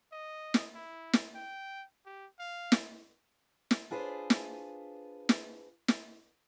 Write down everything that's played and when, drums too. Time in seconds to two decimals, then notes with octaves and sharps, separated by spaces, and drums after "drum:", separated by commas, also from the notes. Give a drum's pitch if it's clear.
0.12 D#5
0.54 drum: snare
0.75 E4
1.13 drum: snare
1.35 G5
2.06 G4
2.39 F5
2.72 drum: snare
3.71 drum: snare
3.90 D4 F4 G#4 B4 C5
4.30 drum: snare
5.29 drum: snare
5.88 drum: snare